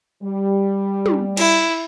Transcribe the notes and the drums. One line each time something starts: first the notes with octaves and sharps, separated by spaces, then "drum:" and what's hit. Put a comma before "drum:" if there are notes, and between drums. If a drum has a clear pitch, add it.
G3
drum: tom
E4, drum: cymbal